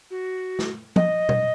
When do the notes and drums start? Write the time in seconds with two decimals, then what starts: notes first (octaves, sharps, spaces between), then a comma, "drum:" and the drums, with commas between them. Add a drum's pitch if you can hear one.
0.11 F#4
0.59 drum: snare
0.96 D#5, drum: tom
1.29 drum: tom B2